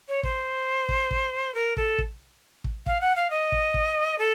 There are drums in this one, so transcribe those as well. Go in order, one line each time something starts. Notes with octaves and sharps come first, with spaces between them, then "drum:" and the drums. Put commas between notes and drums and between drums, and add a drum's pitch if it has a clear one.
C#5
C5, drum: kick
drum: kick
drum: kick
A#4
A4, drum: kick
drum: kick
drum: kick
F5, drum: kick
F#5
F5
D#5
drum: kick
drum: kick
A4